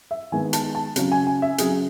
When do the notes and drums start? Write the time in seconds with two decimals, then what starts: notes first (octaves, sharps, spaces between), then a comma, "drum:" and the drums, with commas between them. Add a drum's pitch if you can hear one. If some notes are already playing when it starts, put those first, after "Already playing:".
0.11 E5
0.32 D#3 G#3 B3 G#5
0.53 A5, drum: hi-hat
0.75 A5
0.96 C#3 F#3 C#4, drum: hi-hat
1.12 G#5
1.27 G#5
1.42 E5
1.58 C#3 F#3 C#4 G#4, drum: hi-hat